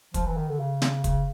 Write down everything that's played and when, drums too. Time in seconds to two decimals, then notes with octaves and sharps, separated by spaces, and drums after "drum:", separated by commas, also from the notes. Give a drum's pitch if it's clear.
0.14 F3, drum: kick, hi-hat
0.26 E3
0.37 D#3
0.48 D3
0.59 C#3
0.82 drum: snare
1.04 C#3, drum: kick, hi-hat